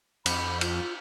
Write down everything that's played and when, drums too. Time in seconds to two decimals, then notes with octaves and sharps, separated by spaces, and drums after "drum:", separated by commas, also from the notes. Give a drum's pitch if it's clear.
0.26 F2 B5, drum: cymbal
0.61 F4, drum: cymbal